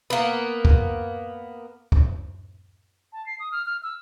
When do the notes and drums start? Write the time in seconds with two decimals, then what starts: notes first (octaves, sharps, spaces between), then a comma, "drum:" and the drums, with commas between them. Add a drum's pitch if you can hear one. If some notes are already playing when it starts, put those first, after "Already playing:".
0.10 A#3 B3
0.65 drum: kick
1.92 drum: kick
3.13 A5
3.26 C7
3.40 D#6
3.52 F6
3.66 F6
3.83 E6